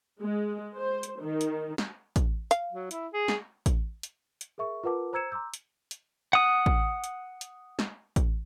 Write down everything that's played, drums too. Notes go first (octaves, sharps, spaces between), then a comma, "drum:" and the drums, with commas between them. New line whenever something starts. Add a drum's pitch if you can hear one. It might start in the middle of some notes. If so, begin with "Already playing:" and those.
G#3
C5
drum: hi-hat
D#3
drum: hi-hat
drum: snare
drum: kick A1, hi-hat
F5, drum: hi-hat
F#3
E4, drum: hi-hat
G#4
drum: snare
drum: kick A1, hi-hat
drum: hi-hat
drum: hi-hat
G#4 A#4 E5 C#6
F4 A#4 B4 F#5 A5 D6
C5 A#5 E6 G#6 C#7 E7
A#5 C6 D6 E6 G6
drum: hi-hat
drum: hi-hat
F#5 D#6
drum: kick A1
drum: hi-hat
drum: hi-hat
drum: snare
drum: kick A1, hi-hat